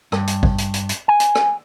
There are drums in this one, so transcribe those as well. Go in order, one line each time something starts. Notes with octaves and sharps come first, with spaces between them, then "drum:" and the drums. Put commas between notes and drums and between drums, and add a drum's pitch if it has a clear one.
G2, drum: rim click
drum: hi-hat
drum: kick G#1
drum: hi-hat
drum: hi-hat
drum: hi-hat
G#5
drum: hi-hat
drum: rim click